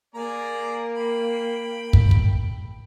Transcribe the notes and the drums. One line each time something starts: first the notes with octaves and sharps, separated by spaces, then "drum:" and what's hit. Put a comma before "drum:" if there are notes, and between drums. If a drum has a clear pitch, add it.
A#3 G#4 D5 A#5
G5 B5
drum: kick
drum: kick